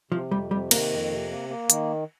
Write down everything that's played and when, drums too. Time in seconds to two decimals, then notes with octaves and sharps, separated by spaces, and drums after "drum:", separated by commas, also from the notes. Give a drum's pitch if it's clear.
0.11 C3 F3
0.31 F2 G3
0.51 C3 G3
0.71 D#3 A#3, drum: cymbal
0.91 F2
1.10 C3
1.31 A#3
1.49 A#3
1.70 D#3, drum: hi-hat